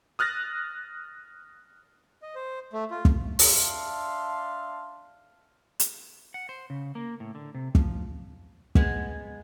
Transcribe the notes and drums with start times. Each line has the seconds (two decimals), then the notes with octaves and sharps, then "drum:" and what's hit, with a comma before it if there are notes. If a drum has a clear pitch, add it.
0.19 D#6 F6 F#6 A6 A#6
2.22 D#5
2.35 C5
2.73 A3
2.91 F4
3.05 drum: kick
3.39 D4 E5 F5 A5 C6, drum: open hi-hat
5.80 drum: hi-hat
6.34 F#5
6.49 C5
6.70 C#3
6.95 A#3
7.20 A2
7.35 D3
7.55 C3
7.75 F3, drum: kick
8.75 G#3 B3, drum: kick